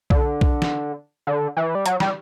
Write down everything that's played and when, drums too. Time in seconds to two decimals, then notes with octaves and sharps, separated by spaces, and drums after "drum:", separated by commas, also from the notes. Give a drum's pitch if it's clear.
0.10 D3, drum: kick B1
0.41 drum: kick B1
0.62 drum: snare
1.27 D3
1.56 E3
1.75 G3
1.86 F#3, drum: hi-hat
2.00 G3, drum: snare